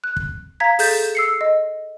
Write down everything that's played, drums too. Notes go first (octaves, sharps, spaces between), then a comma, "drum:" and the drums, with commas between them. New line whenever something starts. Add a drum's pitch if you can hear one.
F#6
drum: kick
F5 A#5 G#6 B6
G#4 A4 G6 A6 B6, drum: open hi-hat
E6 C7 C#7
D#5